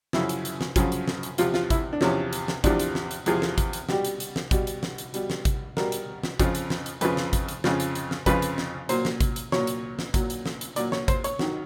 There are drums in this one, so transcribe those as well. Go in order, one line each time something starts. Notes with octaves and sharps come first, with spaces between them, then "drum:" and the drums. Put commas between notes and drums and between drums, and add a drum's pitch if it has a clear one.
F#2 C#3 F3 E4, drum: snare
drum: hi-hat
drum: hi-hat
drum: snare
F#2 C#3 F3, drum: kick G#1, hi-hat
drum: hi-hat
drum: snare
drum: hi-hat
E2 C3 F3 F4, drum: hi-hat
F4, drum: snare
E4, drum: kick G#1, hi-hat
D4
E2 C3 F3 C#4, drum: snare
drum: hi-hat
drum: snare
E2 C3 F3 D4, drum: kick G#1, hi-hat
drum: hi-hat
drum: snare
drum: hi-hat
E2 C3 F3 G#4, drum: hi-hat
drum: snare
drum: kick G#1, hi-hat
drum: hi-hat
B2 G3 G4, drum: snare
drum: hi-hat
drum: hi-hat
drum: snare
B2 G3, drum: kick G#1, hi-hat
drum: hi-hat
drum: snare
drum: hi-hat
B2 G3, drum: hi-hat
drum: snare
drum: kick G#1, hi-hat
B2 G3 A#4, drum: snare
drum: hi-hat
drum: snare
F2 C#3 F3, drum: kick G#1, hi-hat
drum: hi-hat
drum: snare
drum: hi-hat
F2 C#3 F3 B4, drum: hi-hat
drum: snare
drum: kick G#1, hi-hat
drum: hi-hat
F2 C#3 F3, drum: snare
drum: hi-hat
drum: hi-hat
drum: snare
F2 C#3 F3 B4, drum: kick G#1, hi-hat
drum: hi-hat
drum: snare
A#2 F#3 C5, drum: hi-hat
drum: snare
drum: kick G#1, hi-hat
drum: hi-hat
A#2 F#3 C#5, drum: snare
drum: hi-hat
drum: snare
A#2 F#3, drum: kick G#1, hi-hat
drum: hi-hat
drum: snare
drum: hi-hat
A#2 F#3 D5, drum: hi-hat
C#5, drum: snare
C5, drum: kick G#1, hi-hat
C#5, drum: hi-hat
D#3 F#3, drum: snare